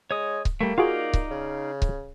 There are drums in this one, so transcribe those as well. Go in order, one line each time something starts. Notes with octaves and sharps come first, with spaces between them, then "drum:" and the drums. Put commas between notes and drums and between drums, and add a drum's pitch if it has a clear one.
G#3 C#5 D#6
drum: kick C#1
G3 A3 A#3
D#4 F4 F#4 G#4 D5 F5
drum: kick C#1
C#3
drum: kick C#1